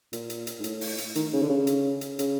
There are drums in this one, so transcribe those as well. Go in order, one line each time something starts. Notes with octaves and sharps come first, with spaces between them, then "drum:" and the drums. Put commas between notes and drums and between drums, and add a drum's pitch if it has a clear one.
A#2, drum: hi-hat
drum: hi-hat
drum: hi-hat
G#2
A2, drum: hi-hat
drum: open hi-hat
drum: hi-hat
D#3, drum: hi-hat
C#3
D3
C#3
drum: hi-hat
drum: hi-hat
C#3, drum: hi-hat